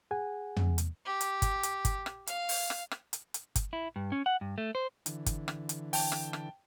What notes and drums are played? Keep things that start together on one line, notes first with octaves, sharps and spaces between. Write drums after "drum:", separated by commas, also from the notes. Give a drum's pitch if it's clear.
G#4 F#5 G#5
drum: tom
drum: hi-hat
G4
drum: hi-hat
drum: kick G1, hi-hat
drum: hi-hat
drum: kick G1, hi-hat
drum: rim click
F5, drum: hi-hat
drum: open hi-hat
drum: rim click
drum: rim click
drum: hi-hat
drum: hi-hat
drum: kick G1, hi-hat
E4
G2
C#4
F#5
G2
A3
C5
D3 E3, drum: hi-hat
drum: kick G1, hi-hat
drum: rim click
drum: hi-hat
G5 A5, drum: open hi-hat
drum: rim click
drum: rim click